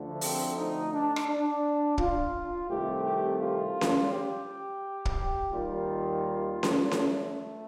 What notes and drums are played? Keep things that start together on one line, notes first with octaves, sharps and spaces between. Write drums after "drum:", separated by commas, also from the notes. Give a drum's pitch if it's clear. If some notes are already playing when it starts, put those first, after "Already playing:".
Already playing: D2 D3 F3 A3
C4, drum: open hi-hat
D#4
D4
drum: rim click
D4
F4, drum: kick
C2 C3 D#3 A3 G4
G4
F4
drum: snare C#4
G4
drum: kick
D#2 D#3 G3 F4
drum: snare C#4
A3, drum: snare C#4